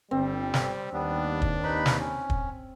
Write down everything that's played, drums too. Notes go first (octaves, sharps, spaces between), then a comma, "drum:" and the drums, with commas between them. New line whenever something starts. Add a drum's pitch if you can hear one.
G1 G3 C4
drum: snare
D#2 G3 B3 D4
drum: kick
D#4 B4 B5
drum: snare
C#4
drum: kick